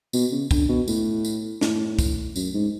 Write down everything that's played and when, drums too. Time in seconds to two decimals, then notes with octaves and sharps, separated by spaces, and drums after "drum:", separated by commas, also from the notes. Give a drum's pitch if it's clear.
0.13 B2, drum: tambourine
0.32 C#3
0.51 D3, drum: kick, tambourine
0.69 B2
0.88 A2, drum: tambourine
1.25 drum: tambourine
1.61 A2, drum: snare
1.99 drum: kick, tambourine
2.36 F#2, drum: tambourine
2.54 G#2